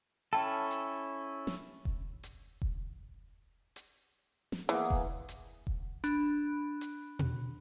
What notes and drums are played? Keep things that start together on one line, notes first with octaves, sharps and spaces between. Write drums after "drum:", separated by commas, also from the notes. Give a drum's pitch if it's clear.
C#4 E4 A4 G5 A5
drum: hi-hat
drum: snare
drum: kick E1
drum: hi-hat
drum: kick E1
drum: hi-hat
drum: snare
E3 A#3 B3 G#4
drum: kick E1
drum: hi-hat
drum: kick E1
D4 B5 F#6, drum: hi-hat
drum: hi-hat
drum: tom B2